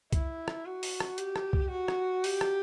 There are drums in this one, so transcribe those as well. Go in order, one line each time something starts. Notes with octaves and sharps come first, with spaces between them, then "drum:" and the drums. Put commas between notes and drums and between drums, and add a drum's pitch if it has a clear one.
E4, drum: kick C2, hi-hat
drum: rim click
F#4
drum: open hi-hat
drum: rim click
G4, drum: hi-hat
drum: rim click
drum: kick C2
F#4
drum: rim click
G4, drum: open hi-hat
drum: rim click